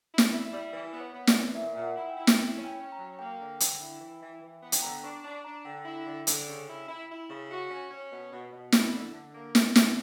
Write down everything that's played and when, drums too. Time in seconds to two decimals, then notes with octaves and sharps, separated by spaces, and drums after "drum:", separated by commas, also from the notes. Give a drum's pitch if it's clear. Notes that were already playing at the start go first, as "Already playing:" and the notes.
0.12 E4
0.18 D5, drum: snare
0.32 E4
0.46 E5
0.52 G3
0.73 E3 B4
0.93 B3
1.00 C#5
1.14 B3
1.27 D5, drum: snare
1.34 E3
1.55 A#2 E5
1.73 A#2 E5
1.82 F#5
1.96 E4
2.09 G5
2.17 E4
2.27 drum: snare
2.38 E4
2.57 C#4
2.65 G5
2.78 C#4
2.92 A#5
2.99 F#3
3.19 A#3 G5
3.39 D3
3.60 D3, drum: hi-hat
3.80 E4
4.01 E3
4.22 E3
4.41 E3
4.62 B3
4.72 G5, drum: hi-hat
4.83 D3 A#5
5.04 D4 C#6
5.25 D4
5.44 D4 A#5
5.65 D3 G5
5.85 E4
6.06 D3
6.27 D3, drum: hi-hat
6.47 C#3
6.68 E4
6.88 E4
7.08 E4
7.30 C#3
7.50 F#4
7.70 C#4
7.91 C#4
8.12 B2
8.32 B2
8.52 B2
8.72 E4, drum: snare
8.93 D3
9.14 D3
9.35 A#3
9.55 G3, drum: snare
9.76 D3, drum: snare